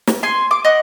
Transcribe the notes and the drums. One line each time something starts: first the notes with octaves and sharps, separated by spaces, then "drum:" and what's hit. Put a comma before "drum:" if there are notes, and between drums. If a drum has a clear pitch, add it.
drum: snare
G#5 C6
D6
D#5 F#5